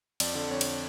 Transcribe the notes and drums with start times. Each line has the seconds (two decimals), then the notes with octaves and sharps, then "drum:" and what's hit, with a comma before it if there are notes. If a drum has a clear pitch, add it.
0.20 F2 D5, drum: cymbal
0.35 D3
0.51 F2 C#5
0.61 drum: cymbal